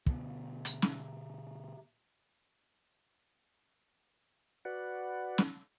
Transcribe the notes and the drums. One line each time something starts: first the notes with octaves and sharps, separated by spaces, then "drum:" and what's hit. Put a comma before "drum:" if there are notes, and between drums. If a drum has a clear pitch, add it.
B2 D3 B3, drum: kick
drum: hi-hat
drum: snare
F#4 B4 D5 F#5
drum: snare